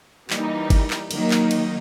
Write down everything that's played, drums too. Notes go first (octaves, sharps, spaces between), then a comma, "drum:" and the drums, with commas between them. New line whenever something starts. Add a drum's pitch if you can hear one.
E3 G3 A#3 D#4, drum: clap
drum: kick G1, cymbal
drum: clap
D#3 F#3 A#3 D#4, drum: cymbal
drum: clap
drum: cymbal